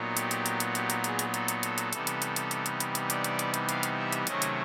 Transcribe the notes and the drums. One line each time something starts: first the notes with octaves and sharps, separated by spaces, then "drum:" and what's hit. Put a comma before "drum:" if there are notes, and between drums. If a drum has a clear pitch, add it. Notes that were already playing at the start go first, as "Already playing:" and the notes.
Already playing: A#2 F#3 B3 D#4
G4, drum: hi-hat
drum: hi-hat
drum: hi-hat
drum: hi-hat
G4, drum: hi-hat
drum: hi-hat
G#4, drum: hi-hat
drum: hi-hat
A4, drum: hi-hat
drum: hi-hat
A4, drum: hi-hat
drum: hi-hat
C3 E3 G3 B3 D#4, drum: hi-hat
drum: hi-hat
drum: hi-hat
drum: hi-hat
drum: hi-hat
drum: hi-hat
drum: hi-hat
drum: hi-hat
D5, drum: hi-hat
drum: hi-hat
drum: hi-hat
drum: hi-hat
F5, drum: hi-hat
drum: hi-hat
E5
drum: hi-hat
C3 D#3 F#3 A3 C#4 D#5, drum: hi-hat
drum: hi-hat